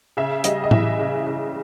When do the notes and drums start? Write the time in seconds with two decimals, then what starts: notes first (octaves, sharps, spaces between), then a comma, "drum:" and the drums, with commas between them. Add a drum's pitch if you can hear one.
0.17 C#3 E5
0.44 G3 D#5, drum: hi-hat
0.64 D#5
0.71 E3 E5, drum: tom A2
0.99 C#3
1.27 C#3